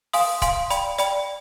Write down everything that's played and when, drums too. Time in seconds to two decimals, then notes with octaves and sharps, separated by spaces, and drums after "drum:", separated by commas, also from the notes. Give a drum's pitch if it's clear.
0.13 F5 G#5 C6 D#6, drum: open hi-hat
0.42 F5 G#5 C6 D#6, drum: kick, hi-hat
0.70 D5 G5 B5, drum: hi-hat
0.98 D5 G5 B5, drum: hi-hat